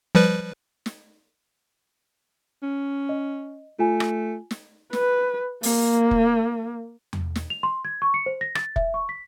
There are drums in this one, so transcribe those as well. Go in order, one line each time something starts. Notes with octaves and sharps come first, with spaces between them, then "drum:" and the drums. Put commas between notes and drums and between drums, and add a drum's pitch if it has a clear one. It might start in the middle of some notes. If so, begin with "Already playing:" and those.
F3 G3 B4
drum: snare
C#4
D#5
A3 F4 G#5
drum: rim click
drum: snare
B4, drum: snare
A#3, drum: open hi-hat
drum: kick
drum: tom E2
drum: snare
F7
C6
G#6
C#6
C#7
C5
A#6
A6, drum: rim click
E5, drum: kick
C#6
B6